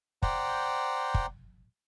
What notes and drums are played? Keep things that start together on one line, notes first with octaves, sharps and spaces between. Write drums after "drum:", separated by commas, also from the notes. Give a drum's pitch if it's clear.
C5 D5 F#5 G5 A#5, drum: kick
drum: kick